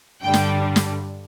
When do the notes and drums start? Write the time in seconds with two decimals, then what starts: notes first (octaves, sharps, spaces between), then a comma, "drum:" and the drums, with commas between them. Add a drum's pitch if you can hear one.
0.22 G2 D3 G3 D4 G5
0.34 drum: snare
0.76 drum: snare